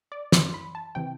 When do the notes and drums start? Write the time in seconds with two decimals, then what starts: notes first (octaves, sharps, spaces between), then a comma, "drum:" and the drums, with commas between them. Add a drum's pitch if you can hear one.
0.12 D5
0.32 F#2 E3 C6, drum: snare
0.54 B5
0.75 A5
0.95 C3 E3 G5